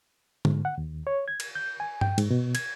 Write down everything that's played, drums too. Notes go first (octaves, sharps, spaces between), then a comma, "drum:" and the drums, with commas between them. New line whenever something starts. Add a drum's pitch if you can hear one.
G#2, drum: tom D3
F#5
D#2
C#5
G#6
drum: cymbal
G6
G#5
G5, drum: tom G2
G#2, drum: cymbal
B2
G#6, drum: cymbal